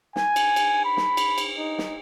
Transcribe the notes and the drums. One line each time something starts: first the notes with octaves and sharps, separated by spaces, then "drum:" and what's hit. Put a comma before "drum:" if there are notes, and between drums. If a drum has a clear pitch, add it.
G#5, drum: snare
drum: cymbal
drum: cymbal
B5
drum: snare
drum: cymbal
drum: cymbal
D#4
drum: snare